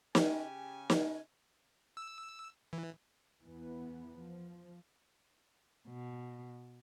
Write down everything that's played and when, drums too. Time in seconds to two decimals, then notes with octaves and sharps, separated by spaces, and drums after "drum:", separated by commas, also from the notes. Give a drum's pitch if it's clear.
0.15 C#3 G4 G#5, drum: snare
0.90 drum: snare
1.97 E6
2.73 E3
3.43 E2 E3 B3
4.17 F3
5.86 B2